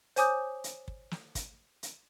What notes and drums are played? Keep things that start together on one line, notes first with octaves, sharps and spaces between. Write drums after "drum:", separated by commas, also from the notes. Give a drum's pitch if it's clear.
C5 C#5 G#5 D6 D#6 G6, drum: hi-hat
drum: hi-hat
drum: kick
drum: snare
drum: kick, hi-hat
drum: hi-hat